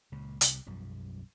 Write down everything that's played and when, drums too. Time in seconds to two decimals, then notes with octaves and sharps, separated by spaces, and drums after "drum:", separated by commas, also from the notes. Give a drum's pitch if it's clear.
0.12 C#2 A#2 C#3
0.41 C2 C3 G3, drum: hi-hat
0.67 B1 F#2 F3 G3